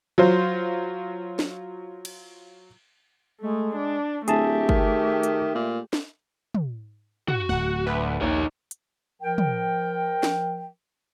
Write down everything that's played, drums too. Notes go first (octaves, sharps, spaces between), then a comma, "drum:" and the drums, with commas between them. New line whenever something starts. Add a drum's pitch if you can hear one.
F#3 F4 C5
drum: snare
drum: cymbal
G#3 A3
D4
D1 A3 G4 G#4 E5 A5, drum: hi-hat
D#3, drum: kick G1
drum: hi-hat
A#2
drum: snare
drum: tom
F#4, drum: tom
D1 A3 F#5
D2 B4
A#1 D#2 D#4 C#5
drum: hi-hat
F3 A#4 G5
drum: tom
drum: snare